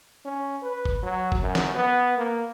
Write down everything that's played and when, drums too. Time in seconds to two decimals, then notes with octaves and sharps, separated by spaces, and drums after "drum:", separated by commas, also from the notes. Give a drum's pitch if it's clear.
0.25 C#4
0.62 B4
0.85 drum: kick
1.03 F#3
1.32 drum: kick
1.42 F#2
1.55 drum: snare
1.75 B3
2.18 A#3